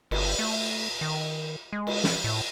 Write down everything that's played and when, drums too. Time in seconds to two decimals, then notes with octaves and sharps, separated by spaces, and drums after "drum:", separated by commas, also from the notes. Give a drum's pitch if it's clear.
0.11 G1, drum: cymbal
0.39 A3
1.01 D#3
1.73 G#3
1.87 drum: cymbal
2.04 drum: snare
2.24 A2